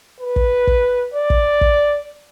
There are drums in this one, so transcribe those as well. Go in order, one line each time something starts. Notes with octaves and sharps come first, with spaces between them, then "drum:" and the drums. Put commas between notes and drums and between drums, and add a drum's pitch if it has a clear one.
B4
drum: kick
drum: kick
D5
drum: kick
drum: kick